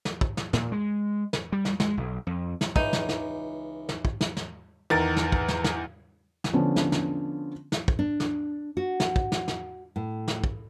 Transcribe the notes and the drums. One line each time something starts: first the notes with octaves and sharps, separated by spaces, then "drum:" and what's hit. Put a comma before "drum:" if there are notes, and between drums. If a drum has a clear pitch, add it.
drum: snare
drum: kick
drum: snare
A#2, drum: snare
G#3
drum: snare
G3
drum: snare
G#3, drum: snare
B1
F2
drum: snare
C#2 E3 D#4, drum: kick
drum: snare
drum: snare
drum: snare
drum: kick
drum: snare
drum: snare
E2 D#3 A#4 A6
drum: snare
drum: kick
drum: snare
drum: snare
drum: snare
D3 F3 B3 C#4 D4
drum: snare
drum: snare
drum: snare
drum: kick
D4
drum: snare
F#4
drum: snare
drum: kick
drum: snare
drum: snare
A2
drum: snare
drum: kick